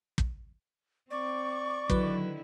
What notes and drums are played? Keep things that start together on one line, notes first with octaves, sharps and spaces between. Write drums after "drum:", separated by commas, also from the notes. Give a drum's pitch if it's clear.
drum: kick
C4 D5 C#6 D6
D3 D#3 F#3 E4 B4, drum: kick